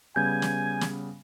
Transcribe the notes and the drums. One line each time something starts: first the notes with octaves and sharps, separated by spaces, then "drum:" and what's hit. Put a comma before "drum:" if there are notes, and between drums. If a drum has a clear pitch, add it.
C#3 G3 B3 G#5 G6 G#6
drum: snare
drum: snare